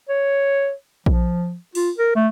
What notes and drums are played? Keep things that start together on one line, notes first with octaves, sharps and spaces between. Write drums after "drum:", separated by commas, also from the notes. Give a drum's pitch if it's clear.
C#5
F3, drum: kick A#1
F4, drum: open hi-hat
A#4
A3